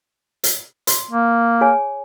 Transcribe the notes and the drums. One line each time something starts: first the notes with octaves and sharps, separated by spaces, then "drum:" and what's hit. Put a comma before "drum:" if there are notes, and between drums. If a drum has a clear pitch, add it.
drum: hi-hat
C6, drum: hi-hat
A#3
G#4 C#5 G#5